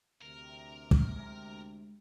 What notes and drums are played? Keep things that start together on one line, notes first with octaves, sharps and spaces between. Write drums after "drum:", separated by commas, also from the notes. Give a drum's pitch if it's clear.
D2 C3 A#4
drum: kick
G#3 A#5